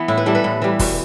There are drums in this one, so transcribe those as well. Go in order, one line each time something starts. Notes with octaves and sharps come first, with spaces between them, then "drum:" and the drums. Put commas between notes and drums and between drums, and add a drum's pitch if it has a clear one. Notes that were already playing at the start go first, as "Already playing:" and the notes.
Already playing: E3 B3
A2 E4
B4
E3 G3 A4
B4
A2
E3 G3
B2, drum: kick, open hi-hat